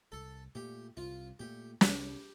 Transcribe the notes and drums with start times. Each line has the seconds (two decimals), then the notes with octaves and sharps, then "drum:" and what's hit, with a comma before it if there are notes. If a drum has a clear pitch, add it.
0.12 C2 A4
0.55 A#2 A3 G4
0.97 C2 F4
1.39 A#2 A3 G4
1.81 C2 G4, drum: snare